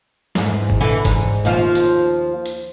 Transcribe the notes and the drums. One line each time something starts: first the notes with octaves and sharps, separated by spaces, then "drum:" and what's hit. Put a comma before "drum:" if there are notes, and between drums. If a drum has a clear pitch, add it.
E2 G#2, drum: snare
drum: kick F#1
D3 E3
G#2, drum: kick F#1, hi-hat
D#2 F3 F4
drum: hi-hat
drum: hi-hat